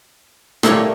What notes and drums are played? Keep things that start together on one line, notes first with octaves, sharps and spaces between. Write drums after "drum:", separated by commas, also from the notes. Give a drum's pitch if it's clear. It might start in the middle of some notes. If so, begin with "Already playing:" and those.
A2 G3 A3 A#3 C#5, drum: rim click